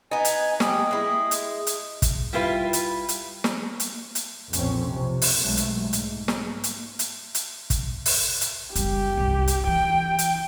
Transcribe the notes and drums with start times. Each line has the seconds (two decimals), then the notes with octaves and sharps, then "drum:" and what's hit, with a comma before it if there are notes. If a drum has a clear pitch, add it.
0.11 B3 D#4 G#5
0.25 drum: hi-hat
0.60 G3 D#6, drum: snare
0.91 G#3 E4
1.31 drum: hi-hat
1.67 drum: hi-hat
2.02 drum: kick, hi-hat
2.33 G3 E4 F4 B4
2.73 drum: hi-hat
3.09 drum: hi-hat
3.44 drum: snare
3.80 drum: hi-hat
4.15 drum: hi-hat
4.53 B1 F2 A#2 F3 C4 C#4, drum: hi-hat
4.90 C3
5.22 drum: open hi-hat
5.40 B1 B2 F#3 G#3 A3
5.57 drum: hi-hat
5.93 G#2, drum: hi-hat
6.28 drum: snare
6.64 drum: hi-hat
6.99 drum: hi-hat
7.35 drum: hi-hat
7.70 drum: kick, hi-hat
8.06 drum: open hi-hat
8.41 drum: hi-hat
8.75 F#1 G3 G4, drum: hi-hat
9.17 C2 G2
9.48 drum: hi-hat
9.67 E3 G5
10.19 drum: hi-hat